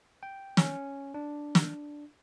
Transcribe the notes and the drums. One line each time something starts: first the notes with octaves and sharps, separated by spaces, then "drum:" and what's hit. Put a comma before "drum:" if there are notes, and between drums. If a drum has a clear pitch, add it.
G5
C#4, drum: snare
D4
drum: snare